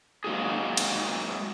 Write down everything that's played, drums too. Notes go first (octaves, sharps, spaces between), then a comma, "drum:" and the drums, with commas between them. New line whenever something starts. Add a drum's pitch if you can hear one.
G#3 A#3 F#4 G#4
drum: cymbal